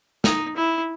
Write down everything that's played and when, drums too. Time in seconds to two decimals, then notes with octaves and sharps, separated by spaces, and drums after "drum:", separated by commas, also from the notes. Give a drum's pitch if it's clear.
0.24 D#4, drum: snare
0.57 E4